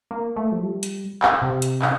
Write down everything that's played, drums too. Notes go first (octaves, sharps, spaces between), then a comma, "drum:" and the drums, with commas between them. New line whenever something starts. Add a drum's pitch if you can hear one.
A#3
A3
F3
G3
drum: hi-hat
drum: clap
C3
drum: hi-hat
drum: clap